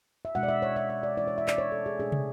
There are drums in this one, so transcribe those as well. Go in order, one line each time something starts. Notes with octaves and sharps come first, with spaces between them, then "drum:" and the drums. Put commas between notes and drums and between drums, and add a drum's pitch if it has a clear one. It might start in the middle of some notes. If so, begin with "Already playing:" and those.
E5
B2 G#3 D4 F#5
D5
E5
C#5
E5
E5
D5
E3 G#3 C#4 E4 D5
C#5
E5
D5, drum: clap
C#5
A4
G#4
B2 A3 D4 G#4
drum: tom